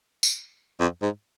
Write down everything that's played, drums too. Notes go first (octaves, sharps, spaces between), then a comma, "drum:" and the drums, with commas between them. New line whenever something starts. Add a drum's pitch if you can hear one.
drum: tambourine
F2
G#2